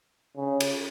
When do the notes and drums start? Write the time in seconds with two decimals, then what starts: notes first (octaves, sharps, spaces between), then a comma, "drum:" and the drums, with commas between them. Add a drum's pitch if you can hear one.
0.37 C#3
0.60 drum: cymbal